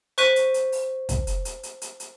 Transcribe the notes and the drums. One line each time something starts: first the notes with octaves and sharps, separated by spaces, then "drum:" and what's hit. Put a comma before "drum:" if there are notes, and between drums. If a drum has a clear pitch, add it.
C5 C#6 F#6 B6 D#7, drum: hi-hat
drum: hi-hat
drum: hi-hat
drum: open hi-hat
drum: kick, hi-hat
drum: hi-hat
drum: hi-hat
drum: hi-hat
drum: hi-hat
drum: hi-hat